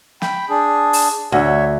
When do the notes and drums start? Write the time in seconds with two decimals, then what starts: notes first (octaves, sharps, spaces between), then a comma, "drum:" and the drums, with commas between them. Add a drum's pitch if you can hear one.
0.22 G5 B5, drum: snare
0.49 D4 G#4
0.93 drum: open hi-hat
1.32 D2 C#5 E5